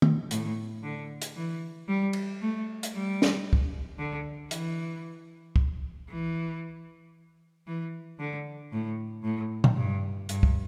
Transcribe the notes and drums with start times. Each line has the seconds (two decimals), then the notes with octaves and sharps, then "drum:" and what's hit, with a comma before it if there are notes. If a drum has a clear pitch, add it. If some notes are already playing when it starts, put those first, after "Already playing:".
0.02 drum: tom
0.31 A2, drum: hi-hat
0.83 D3
1.22 drum: hi-hat
1.36 E3
1.88 G3
2.13 drum: cymbal
2.42 A3
2.83 drum: hi-hat
2.94 G3
3.22 drum: snare
3.53 drum: kick
3.98 D3
4.51 E3, drum: hi-hat
5.56 drum: kick
6.09 E3
7.67 E3
8.19 D3
8.72 A2
9.24 A2
9.64 drum: tom A#2
9.76 G2
10.29 G2, drum: hi-hat
10.43 drum: kick